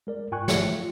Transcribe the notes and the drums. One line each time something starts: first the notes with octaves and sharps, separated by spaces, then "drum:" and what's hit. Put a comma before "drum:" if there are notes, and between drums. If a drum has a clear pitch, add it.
G#3 A#4 D5
G#2 F4 G5 G#5 C#6 F#6
F3 A3 G4 C#7, drum: snare
F4